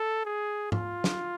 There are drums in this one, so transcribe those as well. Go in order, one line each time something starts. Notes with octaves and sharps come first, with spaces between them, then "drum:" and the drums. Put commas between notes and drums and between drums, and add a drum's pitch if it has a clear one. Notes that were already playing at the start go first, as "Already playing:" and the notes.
Already playing: A4
G#4
F4, drum: tom G#2
drum: snare